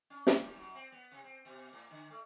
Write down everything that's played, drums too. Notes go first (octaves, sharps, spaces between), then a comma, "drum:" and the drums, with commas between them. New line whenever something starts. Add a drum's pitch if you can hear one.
C#4
D5, drum: snare
G#2
F#2
C4
B3
C3
C4
B2
A2
D3
A3